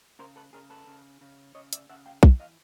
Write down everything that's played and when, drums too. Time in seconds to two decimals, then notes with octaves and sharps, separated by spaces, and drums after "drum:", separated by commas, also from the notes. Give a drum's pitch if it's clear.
0.19 C#3 A#4 C5
0.36 A4 B4
0.53 C#3 G#4 A#4
0.70 A4 B4
0.87 C#3
1.21 C#3
1.55 C#3 C#5 D#5
1.73 D5 E5, drum: hi-hat
1.89 C#3 E5 F#5
2.06 F5 G5
2.23 E3 E5 F#5, drum: kick B1
2.40 D#5 F5